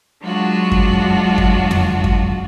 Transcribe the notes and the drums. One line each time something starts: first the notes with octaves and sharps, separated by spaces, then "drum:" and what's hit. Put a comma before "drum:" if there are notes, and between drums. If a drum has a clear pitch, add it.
F#3 G#3 D4 F4 F#4
drum: kick F2
drum: kick F2
drum: tom
drum: kick F2